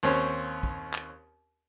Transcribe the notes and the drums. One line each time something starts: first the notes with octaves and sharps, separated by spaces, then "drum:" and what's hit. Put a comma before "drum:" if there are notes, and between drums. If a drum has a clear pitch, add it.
D#2 C4 C#4 C#5 C6
drum: kick
drum: clap